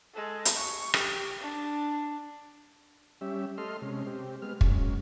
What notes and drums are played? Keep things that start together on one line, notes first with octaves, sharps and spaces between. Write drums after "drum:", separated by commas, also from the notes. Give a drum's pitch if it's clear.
G#3 A4
drum: hi-hat
C#6
G4, drum: rim click
D4
G3 C#4 G4 E5
A3 A4 D#5 C6 F6
C3 G#3 C#4
C4 G4
G#3 B3 F6
F#3 G#3 C#4, drum: kick